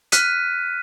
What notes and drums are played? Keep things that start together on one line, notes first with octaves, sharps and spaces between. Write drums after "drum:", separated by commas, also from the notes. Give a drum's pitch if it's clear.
F6 F#6 B6 D#7, drum: hi-hat